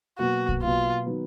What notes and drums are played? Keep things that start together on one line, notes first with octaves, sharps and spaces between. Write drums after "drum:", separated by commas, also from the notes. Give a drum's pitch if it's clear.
B2 F#3 A#3 F#4
drum: kick
B2 F#3 A#3 F4
D#3 F#3 B3